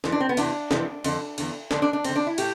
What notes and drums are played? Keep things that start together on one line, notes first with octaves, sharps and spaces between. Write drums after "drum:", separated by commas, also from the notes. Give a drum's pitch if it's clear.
F2 E3, drum: snare
D4
C4
B3
E2 C3 E3 D4, drum: cymbal
F2 C3 E3, drum: snare
F2 D3, drum: cymbal
E2 D3, drum: cymbal
F2 D3 D4, drum: snare
D4
D4
F2 D3 C4, drum: cymbal
D4
E4
A2 G4, drum: cymbal